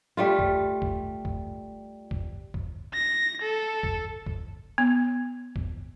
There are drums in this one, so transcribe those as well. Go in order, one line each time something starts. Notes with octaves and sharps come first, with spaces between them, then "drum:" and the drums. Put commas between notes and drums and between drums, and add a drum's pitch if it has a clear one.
G3 A3 F4
drum: kick
drum: kick
drum: kick
drum: kick
drum: kick
A#6
A4
drum: kick
drum: kick
B3
drum: kick